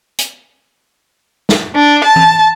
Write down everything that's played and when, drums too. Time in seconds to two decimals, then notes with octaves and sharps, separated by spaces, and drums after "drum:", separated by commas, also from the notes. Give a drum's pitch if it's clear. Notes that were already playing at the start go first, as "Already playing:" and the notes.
0.18 drum: hi-hat
1.49 drum: snare
1.75 D4
2.04 A5
2.16 drum: tom E3